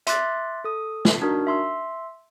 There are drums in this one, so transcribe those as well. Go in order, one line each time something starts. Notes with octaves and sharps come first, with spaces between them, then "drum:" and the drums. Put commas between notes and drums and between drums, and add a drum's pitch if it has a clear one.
E5 C6 D6 F#6 A6, drum: hi-hat
A4 D#6
drum: snare
D4 D#4 F#4 A#4
E5 C6 E6